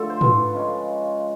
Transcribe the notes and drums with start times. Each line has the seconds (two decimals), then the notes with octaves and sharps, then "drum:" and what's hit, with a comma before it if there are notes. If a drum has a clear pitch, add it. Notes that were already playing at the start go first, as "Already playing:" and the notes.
Already playing: D3 F3 A3 A4
0.10 C5
0.21 B4, drum: tom
0.53 C#3 F3 G#3 C#4